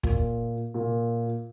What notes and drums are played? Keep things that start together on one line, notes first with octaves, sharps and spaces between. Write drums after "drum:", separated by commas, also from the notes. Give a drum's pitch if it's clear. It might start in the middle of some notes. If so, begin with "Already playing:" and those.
A#2, drum: kick
A#2